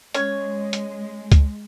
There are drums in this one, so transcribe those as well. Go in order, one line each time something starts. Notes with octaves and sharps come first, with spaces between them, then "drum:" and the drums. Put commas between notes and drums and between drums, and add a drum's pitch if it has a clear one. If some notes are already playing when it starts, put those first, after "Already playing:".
G#3 C#4 C#5, drum: hi-hat
drum: hi-hat
drum: kick C#2, hi-hat